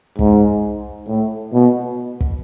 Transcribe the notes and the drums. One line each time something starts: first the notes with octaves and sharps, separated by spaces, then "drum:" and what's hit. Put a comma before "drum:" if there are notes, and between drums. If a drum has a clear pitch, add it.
G#2, drum: kick
A2
B2
drum: kick